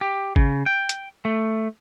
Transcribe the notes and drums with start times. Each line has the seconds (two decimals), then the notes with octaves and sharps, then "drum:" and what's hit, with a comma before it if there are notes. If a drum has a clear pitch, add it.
0.01 G4
0.36 C#3, drum: kick G#1
0.66 G5
0.89 drum: hi-hat
1.25 A3